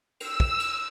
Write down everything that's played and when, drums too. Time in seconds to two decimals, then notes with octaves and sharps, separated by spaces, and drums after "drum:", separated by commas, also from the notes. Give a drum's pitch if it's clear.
0.20 E6, drum: cymbal
0.40 drum: kick
0.60 drum: cymbal